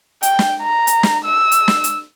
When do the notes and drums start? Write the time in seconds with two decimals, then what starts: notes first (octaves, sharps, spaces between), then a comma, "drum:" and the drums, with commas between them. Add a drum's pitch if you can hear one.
0.23 G5, drum: hi-hat
0.39 drum: snare
0.62 A#5
0.87 drum: hi-hat
1.03 drum: snare
1.25 E6
1.52 drum: hi-hat
1.68 drum: snare
1.84 drum: hi-hat